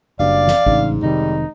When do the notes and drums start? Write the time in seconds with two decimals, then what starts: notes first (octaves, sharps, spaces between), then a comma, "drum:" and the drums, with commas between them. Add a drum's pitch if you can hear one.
0.20 F#1 G2 F#3 D5 F5
0.48 drum: snare
0.67 A1 G#2 C#3 D4, drum: kick
1.02 F1 C3 D#3 G3 D#4